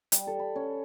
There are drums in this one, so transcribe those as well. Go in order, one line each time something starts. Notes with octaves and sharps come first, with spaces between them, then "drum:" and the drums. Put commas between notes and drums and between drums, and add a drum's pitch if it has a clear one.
G3, drum: hi-hat
A4
B5
C#4